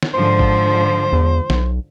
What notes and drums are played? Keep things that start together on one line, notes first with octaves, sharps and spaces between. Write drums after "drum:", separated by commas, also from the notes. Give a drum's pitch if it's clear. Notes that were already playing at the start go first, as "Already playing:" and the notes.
drum: snare
G#2 D3 F3 C5
drum: kick G#1
E2
B1, drum: snare